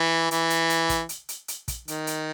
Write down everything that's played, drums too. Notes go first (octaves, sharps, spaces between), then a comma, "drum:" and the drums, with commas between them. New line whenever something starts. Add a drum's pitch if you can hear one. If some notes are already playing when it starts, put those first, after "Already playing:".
Already playing: E3
E3, drum: hi-hat
drum: hi-hat
drum: hi-hat
drum: kick, hi-hat
drum: hi-hat
drum: hi-hat
drum: hi-hat
drum: kick, hi-hat
D#3, drum: hi-hat
drum: hi-hat